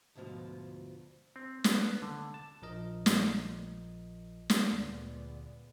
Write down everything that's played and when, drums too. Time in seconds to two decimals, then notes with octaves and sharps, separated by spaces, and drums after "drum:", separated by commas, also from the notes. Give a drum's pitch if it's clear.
0.15 D2 G#2 B2 F3
1.36 C4
1.64 B3, drum: snare
2.02 D3
2.34 A5
2.62 A#1 F3 A#4 D#5
3.06 drum: snare
4.50 drum: snare
4.73 D2 A#2 D3 G#3 A3 B3 D5